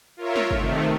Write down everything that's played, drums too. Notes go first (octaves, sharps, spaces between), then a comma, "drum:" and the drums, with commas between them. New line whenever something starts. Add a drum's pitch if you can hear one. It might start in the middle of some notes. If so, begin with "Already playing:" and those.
F4 A#4 C#5 E5
drum: snare
C3 D#3 A3, drum: kick